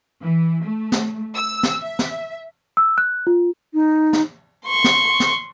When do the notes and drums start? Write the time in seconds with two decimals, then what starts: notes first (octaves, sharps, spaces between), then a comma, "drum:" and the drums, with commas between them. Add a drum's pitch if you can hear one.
0.21 E3
0.63 A3
0.92 drum: snare
1.35 E6
1.63 drum: snare
1.81 E5
1.99 drum: snare
2.77 E6
2.98 F#6
3.27 F4
3.74 D#4
4.13 drum: snare
4.66 C6 C#6
4.84 drum: snare
5.20 drum: snare